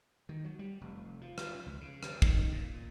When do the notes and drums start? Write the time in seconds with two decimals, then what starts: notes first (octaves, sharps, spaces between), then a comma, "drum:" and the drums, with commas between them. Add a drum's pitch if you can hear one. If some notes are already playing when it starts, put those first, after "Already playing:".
0.29 D#3
0.44 F#3
0.59 G3
0.81 F1
1.21 F3
1.38 drum: rim click
1.66 C#2
1.81 C#3
2.03 drum: rim click
2.22 D#3, drum: kick
2.52 A#2